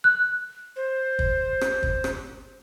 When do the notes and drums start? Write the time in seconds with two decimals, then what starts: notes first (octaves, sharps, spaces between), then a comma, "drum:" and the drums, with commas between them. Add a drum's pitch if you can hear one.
0.04 F#6
0.76 C5
1.19 drum: kick
1.61 drum: rim click
1.83 drum: kick
2.04 drum: rim click